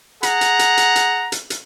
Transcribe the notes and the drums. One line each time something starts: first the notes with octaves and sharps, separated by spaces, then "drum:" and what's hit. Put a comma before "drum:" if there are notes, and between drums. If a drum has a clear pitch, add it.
G#4 F#5 A#5, drum: hi-hat
drum: hi-hat
drum: hi-hat
drum: hi-hat
drum: hi-hat
drum: hi-hat
drum: hi-hat